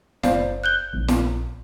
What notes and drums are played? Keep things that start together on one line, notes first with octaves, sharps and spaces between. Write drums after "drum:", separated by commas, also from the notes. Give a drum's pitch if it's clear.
F#1 C5 D5 F5, drum: snare
F#6 G6 G7
A#1
drum: snare